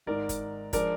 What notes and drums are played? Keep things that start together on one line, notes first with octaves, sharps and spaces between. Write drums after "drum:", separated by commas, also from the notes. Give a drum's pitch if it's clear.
G#1 G#2 D#3 A#4 D5
drum: kick, hi-hat
F3 G#3 D4 A#4 D5, drum: kick, hi-hat